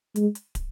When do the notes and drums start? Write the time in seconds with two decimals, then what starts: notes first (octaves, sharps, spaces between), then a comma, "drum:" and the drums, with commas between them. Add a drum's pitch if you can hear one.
0.16 G#3, drum: hi-hat
0.35 drum: hi-hat
0.55 drum: kick, hi-hat